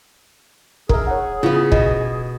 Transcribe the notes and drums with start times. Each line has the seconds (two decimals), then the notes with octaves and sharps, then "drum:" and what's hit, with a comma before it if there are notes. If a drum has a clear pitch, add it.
0.89 G#4 A#4 E5, drum: kick
1.07 C#5 F#5
1.43 C#3 B3 E4 F4
1.72 B2 D#5, drum: kick